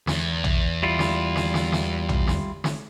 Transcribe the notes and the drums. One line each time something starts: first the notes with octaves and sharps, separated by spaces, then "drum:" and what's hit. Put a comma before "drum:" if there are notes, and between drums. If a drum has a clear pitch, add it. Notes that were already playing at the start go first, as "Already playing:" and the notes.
E2, drum: snare
drum: tom
G3 E4 F4
drum: snare
drum: snare
drum: snare
drum: snare
drum: tom
drum: snare
drum: snare